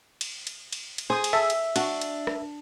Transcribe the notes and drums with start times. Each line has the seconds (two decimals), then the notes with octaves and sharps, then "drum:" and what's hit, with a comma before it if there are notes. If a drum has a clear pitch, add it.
0.21 drum: cymbal
0.47 drum: cymbal
0.73 drum: cymbal
0.98 drum: cymbal
1.10 G#4 C5 D#6
1.24 drum: cymbal
1.33 A4 E5
1.50 drum: cymbal
1.76 D4 F#4, drum: cymbal
2.01 drum: cymbal
2.27 drum: rim click